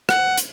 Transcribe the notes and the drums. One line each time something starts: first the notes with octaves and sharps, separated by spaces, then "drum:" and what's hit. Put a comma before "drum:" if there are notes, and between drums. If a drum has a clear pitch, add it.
F#5, drum: rim click
drum: hi-hat